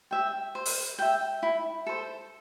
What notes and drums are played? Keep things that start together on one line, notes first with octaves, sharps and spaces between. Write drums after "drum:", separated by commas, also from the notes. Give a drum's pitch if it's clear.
E5 G5
C5
drum: open hi-hat
E5 G5
E4
A4 C5